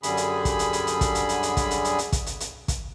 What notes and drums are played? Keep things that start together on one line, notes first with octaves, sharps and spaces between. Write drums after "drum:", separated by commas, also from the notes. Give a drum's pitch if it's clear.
F#2 D3 G3 G#4 B5, drum: hi-hat
drum: hi-hat
drum: kick, hi-hat
drum: hi-hat
drum: hi-hat
drum: hi-hat
drum: kick, hi-hat
drum: hi-hat
drum: hi-hat
drum: hi-hat
drum: kick, hi-hat
drum: hi-hat
drum: hi-hat
drum: hi-hat
drum: kick, hi-hat
drum: hi-hat
drum: hi-hat
drum: kick, hi-hat